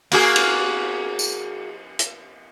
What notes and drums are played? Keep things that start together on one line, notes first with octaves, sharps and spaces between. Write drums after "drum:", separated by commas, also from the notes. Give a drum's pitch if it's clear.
A#3 F#4 G#4, drum: cymbal
drum: cymbal
drum: tambourine
drum: hi-hat